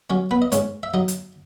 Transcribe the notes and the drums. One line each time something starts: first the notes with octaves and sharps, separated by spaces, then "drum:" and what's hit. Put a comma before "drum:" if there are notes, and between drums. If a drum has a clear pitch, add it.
F#3 C#4 C#5
B3 B4
D#5
G#2 C#4 C#5, drum: hi-hat
E5
F#3 D#4 D#5
drum: hi-hat